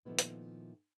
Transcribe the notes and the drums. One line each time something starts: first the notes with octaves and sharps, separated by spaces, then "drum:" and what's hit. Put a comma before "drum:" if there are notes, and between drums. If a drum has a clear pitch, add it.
A#2 D#3 F3 A3 B3 E4
drum: hi-hat